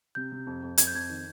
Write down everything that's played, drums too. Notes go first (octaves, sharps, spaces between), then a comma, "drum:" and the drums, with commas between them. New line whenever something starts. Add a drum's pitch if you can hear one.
C3 G6
C3
F2
F2
F2 G#6, drum: hi-hat
G6
F2 G#6
D#3